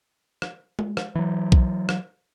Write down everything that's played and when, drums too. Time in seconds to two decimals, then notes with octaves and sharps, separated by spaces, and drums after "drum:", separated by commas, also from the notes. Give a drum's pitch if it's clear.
0.42 drum: rim click
0.79 drum: tom G#3
0.97 drum: rim click
1.15 E3 F#3
1.52 drum: kick B1
1.89 drum: rim click